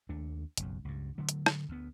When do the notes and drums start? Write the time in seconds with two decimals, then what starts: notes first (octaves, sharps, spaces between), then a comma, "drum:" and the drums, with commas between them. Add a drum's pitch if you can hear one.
0.09 D#2 A3 D4
0.57 F#1 B1 F#2, drum: hi-hat
0.85 C#2 G2
1.18 D3 F#3 A3
1.29 drum: hi-hat
1.46 drum: rim click
1.69 D2 B3